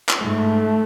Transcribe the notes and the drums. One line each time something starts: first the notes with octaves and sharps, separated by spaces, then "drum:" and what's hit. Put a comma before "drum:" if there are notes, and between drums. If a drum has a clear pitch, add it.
drum: clap
G#2 A3